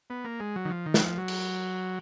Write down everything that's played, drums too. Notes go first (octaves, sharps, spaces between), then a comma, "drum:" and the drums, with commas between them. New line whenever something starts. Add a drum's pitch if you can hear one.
B3
A#3
G#3
F#3
D#3
F3
D#3
F#3, drum: snare
F3
F#3
drum: cymbal